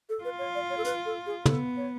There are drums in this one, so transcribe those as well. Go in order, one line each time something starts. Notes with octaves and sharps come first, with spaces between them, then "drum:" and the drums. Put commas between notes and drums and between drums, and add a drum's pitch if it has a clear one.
A4
F4 B4
C#5
D5
C#5
A4
B4, drum: hi-hat
A4
G#4
B3 A4, drum: tom
C#5